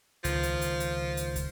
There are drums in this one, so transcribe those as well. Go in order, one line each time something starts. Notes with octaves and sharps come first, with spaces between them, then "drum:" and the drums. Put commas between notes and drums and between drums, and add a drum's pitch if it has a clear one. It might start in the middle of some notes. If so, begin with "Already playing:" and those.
C#2 D#3 F3, drum: hi-hat
drum: hi-hat
drum: hi-hat
drum: hi-hat
drum: hi-hat
drum: kick, hi-hat